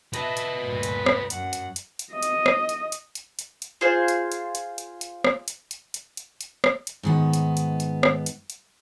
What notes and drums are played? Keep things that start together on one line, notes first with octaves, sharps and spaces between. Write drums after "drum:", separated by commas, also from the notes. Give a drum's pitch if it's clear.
B4 D#5 E5 A5, drum: hi-hat
drum: hi-hat
D2 G2 A#2
drum: hi-hat
drum: rim click
F#2 F#5, drum: hi-hat
drum: hi-hat
drum: hi-hat
drum: hi-hat
D#5
drum: hi-hat
drum: rim click
drum: hi-hat
drum: hi-hat
drum: hi-hat
drum: hi-hat
drum: hi-hat
F4 G#4 C5
drum: hi-hat
drum: hi-hat
drum: hi-hat
drum: hi-hat
drum: hi-hat
drum: rim click
drum: hi-hat
drum: hi-hat
drum: hi-hat
drum: hi-hat
drum: hi-hat
drum: rim click
drum: hi-hat
G#2 D#3 B3
drum: hi-hat
drum: hi-hat
drum: hi-hat
drum: rim click
drum: hi-hat
drum: hi-hat